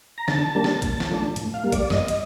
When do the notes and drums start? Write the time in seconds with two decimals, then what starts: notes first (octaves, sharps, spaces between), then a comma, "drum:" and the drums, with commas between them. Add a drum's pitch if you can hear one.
0.18 A#5
0.28 D3 A5, drum: snare
0.55 G3 A#3 D4
0.64 drum: snare
0.82 A#2, drum: kick, hi-hat
1.00 drum: snare
1.10 F3 A3 D4
1.36 A2, drum: hi-hat
1.54 F5
1.63 G3 A#3
1.72 D5, drum: kick, hi-hat
1.90 G2 D#5, drum: snare
2.08 drum: hi-hat